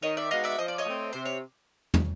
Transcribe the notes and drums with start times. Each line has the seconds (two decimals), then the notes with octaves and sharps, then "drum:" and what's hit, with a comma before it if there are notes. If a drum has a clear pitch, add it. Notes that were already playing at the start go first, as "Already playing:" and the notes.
0.02 D#3 C#5 D#5
0.17 D5 E5
0.31 G#3 B3 D#4 F#4 D#5 F5
0.44 D5 E5
0.58 F3 D#5
0.68 D5
0.78 C#5 D#5
0.85 A3 C4
1.13 C3 C5
1.25 C#5
1.94 drum: tom